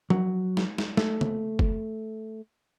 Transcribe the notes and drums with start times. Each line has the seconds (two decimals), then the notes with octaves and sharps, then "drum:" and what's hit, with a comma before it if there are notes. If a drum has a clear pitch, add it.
0.10 F#3, drum: tom F3
0.57 drum: snare
0.78 drum: snare
0.97 A3, drum: snare
1.21 drum: tom C#3
1.59 drum: kick